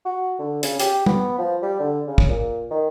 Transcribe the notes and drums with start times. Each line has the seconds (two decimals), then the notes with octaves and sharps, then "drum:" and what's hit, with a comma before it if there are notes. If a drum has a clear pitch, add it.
0.05 F#4
0.39 D3
0.63 C#3, drum: hi-hat
0.79 G4, drum: hi-hat
1.06 B3, drum: tom
1.38 F3
1.62 G3
1.80 D3
2.07 C#3
2.18 drum: kick
2.29 A#2
2.70 D#3